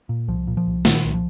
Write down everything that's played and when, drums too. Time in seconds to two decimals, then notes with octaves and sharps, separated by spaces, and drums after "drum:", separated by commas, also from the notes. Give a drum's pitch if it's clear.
0.09 A#2
0.28 C2 F3
0.47 A#2
0.57 F3
0.67 C2
0.85 A#2 D#3, drum: snare
1.04 C2
1.14 F3